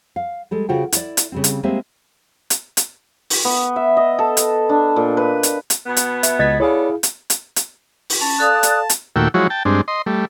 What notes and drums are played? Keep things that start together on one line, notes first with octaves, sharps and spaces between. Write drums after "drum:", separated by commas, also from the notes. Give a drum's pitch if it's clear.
F5
G3 G#3 A4
C#3 F4 F#4 C5 G5
E4 D5, drum: hi-hat
drum: hi-hat
C#3 G3 C4
drum: hi-hat
G3 G#3 A#3 C4 G4 E5
drum: hi-hat
drum: hi-hat
drum: open hi-hat
B3
E5
D#5
A4
drum: hi-hat
D4
A#2
B4
drum: hi-hat
drum: hi-hat
B2 B3
drum: hi-hat
E5, drum: hi-hat
C#2 D#5 G#6 A6 B6
B3 E4 G#4 A4 C#5 D5 F5
drum: hi-hat
drum: hi-hat
drum: hi-hat
drum: open hi-hat
C#4 A5
A4 D5 F5 D#6 F#6
drum: hi-hat
drum: hi-hat
D#2 A#2 A3 F#4 G5 E6
F3 F#3 G#3 E4 F#4 C#5
G5 A5
G2 G#3 C4 D4
D#5 C6
G3 A3